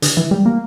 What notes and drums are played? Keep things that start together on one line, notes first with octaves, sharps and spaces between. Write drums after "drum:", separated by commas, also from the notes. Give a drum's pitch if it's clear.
D3, drum: hi-hat
E3
G3
A#3